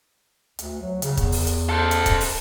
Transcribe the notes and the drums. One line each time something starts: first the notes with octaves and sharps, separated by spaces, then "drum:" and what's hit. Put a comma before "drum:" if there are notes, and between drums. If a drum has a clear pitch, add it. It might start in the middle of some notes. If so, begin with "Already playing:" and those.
D2, drum: hi-hat
F#3
C#3, drum: hi-hat
E2, drum: kick, hi-hat
drum: open hi-hat
drum: hi-hat
A4 C5
drum: hi-hat
drum: kick, hi-hat
drum: open hi-hat